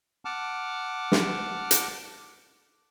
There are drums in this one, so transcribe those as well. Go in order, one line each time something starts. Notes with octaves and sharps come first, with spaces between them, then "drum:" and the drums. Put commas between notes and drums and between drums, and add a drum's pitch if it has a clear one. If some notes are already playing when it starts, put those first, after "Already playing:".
F#5 A5 D6 F6
drum: snare
drum: hi-hat